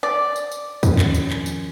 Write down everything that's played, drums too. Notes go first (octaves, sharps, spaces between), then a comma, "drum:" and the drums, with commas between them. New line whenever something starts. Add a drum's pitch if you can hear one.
D5
drum: tambourine
drum: tambourine
D#3 F3 C#4, drum: kick, tambourine
drum: clap
drum: tambourine
drum: clap
drum: tambourine